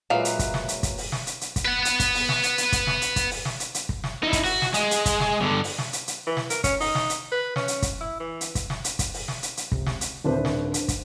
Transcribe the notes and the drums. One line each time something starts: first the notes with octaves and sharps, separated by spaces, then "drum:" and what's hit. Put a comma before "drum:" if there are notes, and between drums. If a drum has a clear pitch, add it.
A#2 F#3 G#3 A#3 B4 E5 F5
drum: hi-hat
drum: kick, hi-hat
drum: snare
drum: hi-hat
drum: kick, hi-hat
drum: open hi-hat
drum: snare
drum: hi-hat
drum: hi-hat
drum: kick, hi-hat
B4 F#5
drum: hi-hat
drum: kick, hi-hat
drum: open hi-hat
drum: snare
drum: hi-hat
drum: hi-hat
drum: kick, hi-hat
drum: snare
drum: hi-hat
drum: kick, hi-hat
drum: open hi-hat
drum: snare
drum: hi-hat
drum: hi-hat
drum: kick
drum: snare
D#4 E4
drum: kick, hi-hat
F#4, drum: open hi-hat
drum: snare
G#3, drum: hi-hat
drum: hi-hat
drum: kick, hi-hat
drum: snare
G2 D3
drum: open hi-hat
drum: snare
drum: hi-hat
drum: hi-hat
E3
drum: snare
A#4, drum: hi-hat
C#4, drum: kick, hi-hat
D#4, drum: open hi-hat
drum: snare
drum: hi-hat
B4
C#4, drum: snare
drum: hi-hat
drum: kick, hi-hat
E4
E3
drum: hi-hat
drum: kick, hi-hat
drum: snare
drum: hi-hat
drum: kick, hi-hat
drum: open hi-hat
drum: snare
drum: hi-hat
drum: hi-hat
C#2 C3, drum: kick
drum: snare
drum: hi-hat
D#1 C2 D4 B4 C5
drum: snare
drum: hi-hat
drum: kick, hi-hat